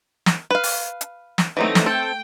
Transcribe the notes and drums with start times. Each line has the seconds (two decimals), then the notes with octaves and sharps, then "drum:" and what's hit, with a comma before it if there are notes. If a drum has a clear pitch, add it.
0.26 drum: snare
0.51 B4 F5
0.64 drum: open hi-hat
1.01 drum: hi-hat
1.38 drum: snare
1.57 E3 F#3 A3 C4 D#4
1.75 drum: snare
1.86 C4 A4 G5